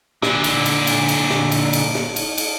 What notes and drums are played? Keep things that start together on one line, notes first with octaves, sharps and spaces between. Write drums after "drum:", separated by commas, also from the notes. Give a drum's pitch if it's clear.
A#2 D3, drum: snare
drum: cymbal
drum: cymbal
drum: cymbal
drum: cymbal
drum: snare
drum: cymbal
drum: cymbal
drum: snare
drum: cymbal
drum: cymbal